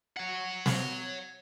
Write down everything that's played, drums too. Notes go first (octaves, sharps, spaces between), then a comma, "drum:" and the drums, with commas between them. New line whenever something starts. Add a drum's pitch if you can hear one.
C#5 F#5
drum: snare